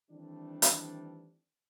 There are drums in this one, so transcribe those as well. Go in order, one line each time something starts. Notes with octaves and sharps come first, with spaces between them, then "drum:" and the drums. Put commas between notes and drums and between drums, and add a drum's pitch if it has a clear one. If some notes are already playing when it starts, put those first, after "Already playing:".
D#3 E3 G3 A3 C4 D4
drum: hi-hat